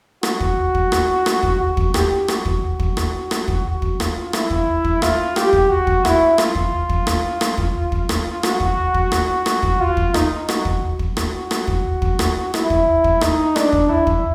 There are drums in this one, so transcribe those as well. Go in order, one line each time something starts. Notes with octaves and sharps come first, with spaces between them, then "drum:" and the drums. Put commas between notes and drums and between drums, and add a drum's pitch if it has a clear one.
F#4, drum: rim click
drum: kick
drum: kick
drum: rim click
drum: rim click
drum: kick
F#4
drum: kick
G4, drum: rim click
F#4, drum: rim click
drum: kick
drum: kick
drum: rim click
drum: rim click
drum: kick
F#4
drum: kick
F4, drum: rim click
E4, drum: rim click
drum: kick
drum: kick
F4, drum: rim click
G4, drum: rim click
drum: kick
F#4
drum: kick
E4, drum: rim click
F4, drum: rim click
drum: kick
drum: kick
drum: rim click
drum: rim click
drum: kick
drum: kick
drum: rim click
F#4, drum: rim click
drum: kick
drum: kick
drum: rim click
drum: rim click
drum: kick
F4
drum: kick
D#4, drum: rim click
F#4, drum: rim click
drum: kick
drum: kick
F#4, drum: rim click
drum: rim click
drum: kick
drum: kick
drum: rim click
E4, drum: rim click
drum: kick
drum: kick
D#4, drum: rim click
D4, drum: rim click
drum: kick
E4
drum: kick